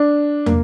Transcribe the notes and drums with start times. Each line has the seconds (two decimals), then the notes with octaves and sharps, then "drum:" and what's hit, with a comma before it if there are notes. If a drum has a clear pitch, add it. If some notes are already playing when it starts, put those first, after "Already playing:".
Already playing: D4
0.46 A#3, drum: tom